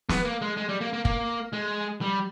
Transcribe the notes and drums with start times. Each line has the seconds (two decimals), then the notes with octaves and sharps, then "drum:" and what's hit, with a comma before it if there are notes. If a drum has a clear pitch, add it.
0.09 B3, drum: snare
0.25 A#3
0.41 G#3
0.57 G#3
0.69 G3
0.81 A#3
0.93 A#3
1.05 A#3, drum: kick
1.53 G#3
2.01 G3